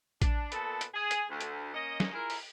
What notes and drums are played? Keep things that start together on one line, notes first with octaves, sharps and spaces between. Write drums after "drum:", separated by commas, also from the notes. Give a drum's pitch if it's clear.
D4, drum: kick A1, hi-hat
A#2 B3 A4, drum: hi-hat
drum: hi-hat
G#4
drum: hi-hat
D2
drum: hi-hat
A#3 C#4 D#5
drum: snare
E4 F4 G#4 A#4
drum: open hi-hat